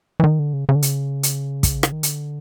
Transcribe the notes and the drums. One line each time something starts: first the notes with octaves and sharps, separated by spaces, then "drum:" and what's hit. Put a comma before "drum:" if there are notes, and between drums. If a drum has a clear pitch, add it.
E3
D#3
D3
C#3
C#3
D3
C#3, drum: hi-hat
drum: hi-hat
drum: kick, hi-hat
drum: rim click
D#3
D3, drum: hi-hat